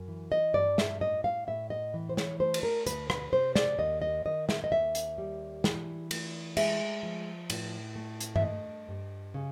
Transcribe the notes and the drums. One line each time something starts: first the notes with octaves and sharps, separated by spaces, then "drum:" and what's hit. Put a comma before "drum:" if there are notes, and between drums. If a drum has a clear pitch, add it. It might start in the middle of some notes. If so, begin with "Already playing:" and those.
Already playing: F#2
E3
D#5
G2 D5
E5, drum: snare
A2 D#5
F5
A2 E5
D#5
E3
C5
C#5, drum: snare
A3 C5
drum: cymbal
A#4
D2 B4, drum: hi-hat
B4, drum: rim click
C3 C5
D5, drum: snare
D#2 D#5
D#5
D#3 D#5
E5, drum: snare
D#5
D#2 E5
drum: hi-hat
G3
E3, drum: snare
A3, drum: cymbal
G#3 E5, drum: cymbal
F3
A2, drum: cymbal
A3
drum: hi-hat
E5, drum: tom G2
G2 D#5
G2
C#3